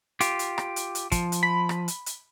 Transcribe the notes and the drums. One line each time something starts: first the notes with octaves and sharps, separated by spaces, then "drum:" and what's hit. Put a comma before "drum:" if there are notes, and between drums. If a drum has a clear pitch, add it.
F4 G4, drum: hi-hat
drum: hi-hat
drum: rim click
drum: hi-hat
drum: hi-hat
F3, drum: kick, hi-hat
drum: hi-hat
B5
drum: rim click
drum: hi-hat
drum: hi-hat